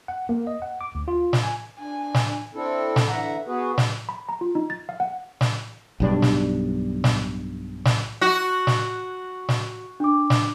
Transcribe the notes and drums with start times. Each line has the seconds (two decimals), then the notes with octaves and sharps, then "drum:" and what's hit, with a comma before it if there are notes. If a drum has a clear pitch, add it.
0.08 F#5
0.29 A#3
0.47 D#5
0.62 F#5
0.81 D6
0.95 D2
1.08 F4
1.33 drum: snare
1.44 G#5
1.79 D4 G#5
2.14 drum: snare
2.54 C4 D4 E4 A4
2.96 drum: snare
3.08 D3 E3 E5 F#5 A#5
3.47 B3 F#4 G#4 B4
3.78 drum: snare
4.09 B5
4.29 A#5
4.41 F4
4.55 D#4
4.70 A6
4.89 F5
5.00 F#5
5.41 drum: snare
6.00 B1 G2 D4
6.22 drum: snare
7.04 drum: snare
7.85 drum: snare
8.21 F#4 F#6
8.67 drum: snare
9.49 drum: snare
10.00 D4 D6
10.30 drum: snare